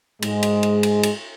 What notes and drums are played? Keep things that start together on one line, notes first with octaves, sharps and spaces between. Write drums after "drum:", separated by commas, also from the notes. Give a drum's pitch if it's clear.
G#2 G#3, drum: cymbal
drum: cymbal
drum: cymbal
drum: cymbal
drum: cymbal